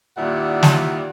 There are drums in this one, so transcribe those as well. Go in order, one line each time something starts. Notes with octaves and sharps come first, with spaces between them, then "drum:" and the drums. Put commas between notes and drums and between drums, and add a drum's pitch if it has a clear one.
D#2 A#2 G3 E4 D5 F#5
drum: snare